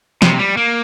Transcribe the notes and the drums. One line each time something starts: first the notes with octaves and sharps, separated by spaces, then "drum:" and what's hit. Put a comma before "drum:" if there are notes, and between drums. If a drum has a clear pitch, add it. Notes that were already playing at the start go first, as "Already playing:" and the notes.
C3, drum: snare
G3
A#3